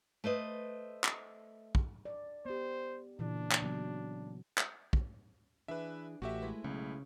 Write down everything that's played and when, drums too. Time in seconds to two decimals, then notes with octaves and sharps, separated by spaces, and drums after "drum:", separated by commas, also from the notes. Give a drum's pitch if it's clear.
0.24 A3 B4 C5 D#5
1.04 drum: clap
1.75 drum: kick
2.05 D5
2.45 B3 G4 C5
3.19 A#2 C#3 E3 D4
3.52 drum: clap
3.62 C#3 F#3 B3
4.58 drum: clap
4.93 drum: kick
5.68 E3 D4 G#4 B4 E5
6.22 A1 A3 F#4 G4 E5
6.42 G#3 E4 B4
6.64 B1 C#3